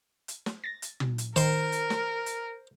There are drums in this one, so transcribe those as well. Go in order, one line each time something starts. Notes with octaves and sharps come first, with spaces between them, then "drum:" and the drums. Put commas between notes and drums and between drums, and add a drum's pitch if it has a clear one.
drum: hi-hat
drum: snare
A6 A#6
drum: hi-hat
drum: tom
drum: hi-hat
D#3 A#4 C5 C6, drum: hi-hat
drum: hi-hat
drum: snare
drum: hi-hat